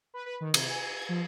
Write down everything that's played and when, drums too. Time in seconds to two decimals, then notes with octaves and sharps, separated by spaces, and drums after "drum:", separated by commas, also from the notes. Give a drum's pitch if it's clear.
0.14 B4
0.26 B4
0.41 D#3
0.54 C3, drum: cymbal
0.70 G#5
0.83 G#5
0.95 G#6
1.09 F3